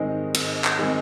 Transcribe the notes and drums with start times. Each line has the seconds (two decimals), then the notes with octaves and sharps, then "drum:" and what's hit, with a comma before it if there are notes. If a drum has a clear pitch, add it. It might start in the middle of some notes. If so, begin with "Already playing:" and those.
Already playing: G#2 D#3 G#3 C4 D#5
0.34 G#2, drum: cymbal
0.64 drum: clap
0.79 D#3 G#3 C4